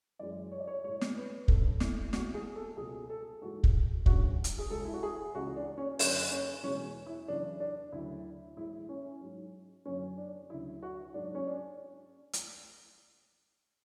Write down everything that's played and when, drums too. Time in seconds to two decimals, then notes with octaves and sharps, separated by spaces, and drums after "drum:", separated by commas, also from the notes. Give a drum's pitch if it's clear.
0.19 F#2 E3 G#3 D5
0.52 C#5
0.60 D5
0.67 C#5
0.84 A2 G#3 C#5
1.01 drum: snare
1.17 B4
1.48 F#2 D3 F#3 A4, drum: kick
1.80 E4, drum: snare
2.13 A2 E3 G#3 F#4, drum: snare
2.34 G#4
2.55 A4
2.77 C#2 B2 G#3 G#4
3.10 A4
3.42 G#2 E3 G#3 F#4
3.64 drum: kick
4.06 D2 C#3 F#3 F#4, drum: kick
4.44 drum: hi-hat
4.59 G#4
4.70 C#2 C#3 G#3 A4
4.85 E4
4.94 F#4
5.03 G#4
5.35 C#2 C#3 E3 F#4
5.56 D4
5.78 C#4
5.99 F#2 D3 F#3 C#4, drum: open hi-hat
6.32 C#4
6.64 E2 B2 G#3 C#4
7.06 E4
7.28 E2 C#3 F#3 D4
7.60 D4
7.92 D2 C#3 F#3 E4
8.57 A2 E3 G#3 E4
8.89 C#4
9.21 G#2 F#3
9.85 F#2 D3 F#3 C#4
10.18 D4
10.50 D2 C#3 F#3 E4
10.83 F#4
11.14 G#2 F#3 D4
11.35 C#4
11.47 D4
12.33 drum: hi-hat